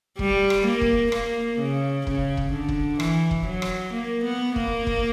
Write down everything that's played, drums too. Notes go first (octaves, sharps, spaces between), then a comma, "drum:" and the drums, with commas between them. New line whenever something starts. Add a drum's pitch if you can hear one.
G3, drum: kick
drum: rim click
A#3
drum: kick
A#3, drum: rim click
C#3
C#3, drum: kick
drum: kick
D3
drum: kick
E3, drum: rim click
drum: kick
F#3
drum: rim click
A#3
B3
A#3, drum: kick
drum: kick